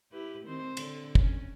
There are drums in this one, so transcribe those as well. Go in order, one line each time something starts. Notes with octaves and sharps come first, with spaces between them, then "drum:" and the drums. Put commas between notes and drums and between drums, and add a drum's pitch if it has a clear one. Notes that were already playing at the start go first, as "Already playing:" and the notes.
E4 G4 B4
D#3 C4 C5
D3, drum: cymbal
C#4, drum: kick